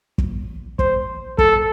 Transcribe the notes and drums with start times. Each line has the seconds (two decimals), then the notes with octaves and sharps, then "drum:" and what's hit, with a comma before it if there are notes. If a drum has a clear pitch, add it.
0.18 drum: kick
0.79 C5, drum: kick
1.38 A4, drum: kick